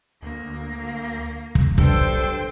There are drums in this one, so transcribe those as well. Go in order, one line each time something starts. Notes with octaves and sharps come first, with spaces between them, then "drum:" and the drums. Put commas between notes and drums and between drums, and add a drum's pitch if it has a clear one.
D2 A#3
drum: kick
B1 G2 A4 C5 G5, drum: kick